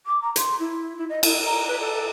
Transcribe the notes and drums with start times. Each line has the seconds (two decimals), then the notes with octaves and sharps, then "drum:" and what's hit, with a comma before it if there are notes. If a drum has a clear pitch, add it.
0.06 D6
0.21 A#5
0.36 C6, drum: hi-hat
0.59 E4
0.97 E4
1.09 D#5
1.23 E4, drum: cymbal
1.45 A#5
1.67 B4
1.80 A4